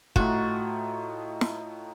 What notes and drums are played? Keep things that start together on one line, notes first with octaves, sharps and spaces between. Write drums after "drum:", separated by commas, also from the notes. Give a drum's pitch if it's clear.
A2 A3 D#4 F4 F#4, drum: kick
drum: snare